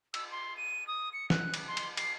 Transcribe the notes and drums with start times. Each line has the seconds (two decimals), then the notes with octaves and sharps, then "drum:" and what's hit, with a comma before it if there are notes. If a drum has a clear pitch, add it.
0.14 E6, drum: cymbal
0.31 C6
0.57 D#7
0.87 D#6
1.13 C#7
1.30 F#6, drum: snare
1.54 drum: cymbal
1.68 C6
1.77 drum: cymbal
1.97 C7, drum: cymbal